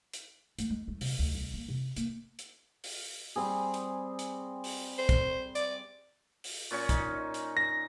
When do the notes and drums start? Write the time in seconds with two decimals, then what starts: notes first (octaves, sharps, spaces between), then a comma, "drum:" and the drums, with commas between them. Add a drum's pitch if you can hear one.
0.13 drum: hi-hat
0.59 A3, drum: hi-hat
0.70 G#3
0.88 A3
1.01 C3, drum: open hi-hat
1.19 D2
1.34 C2
1.54 A#3
1.69 C3
1.96 A#3, drum: hi-hat
2.39 drum: hi-hat
2.84 drum: open hi-hat
3.36 G3 C4 G#4
3.74 drum: hi-hat
4.19 drum: hi-hat
4.64 drum: open hi-hat
4.98 C5
5.09 drum: kick, hi-hat
5.55 D5, drum: hi-hat
6.44 drum: open hi-hat
6.71 A#2 C#4 C#6
6.89 D#4, drum: kick, hi-hat
7.34 drum: hi-hat
7.57 A#6